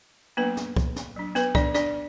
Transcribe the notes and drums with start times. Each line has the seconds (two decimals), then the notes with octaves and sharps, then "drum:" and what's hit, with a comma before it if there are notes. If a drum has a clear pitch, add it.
0.37 F#3 A#3 B3 D4 B4
0.57 drum: snare
0.76 drum: kick
0.96 drum: snare
1.16 F#3 D4
1.35 B3 B4, drum: snare
1.55 D4 D5, drum: kick
1.75 D4 D5, drum: snare